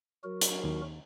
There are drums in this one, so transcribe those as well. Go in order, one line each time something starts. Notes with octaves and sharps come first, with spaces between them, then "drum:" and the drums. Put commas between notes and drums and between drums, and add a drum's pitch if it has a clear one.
F#3 F#4 A#4
drum: hi-hat
D#2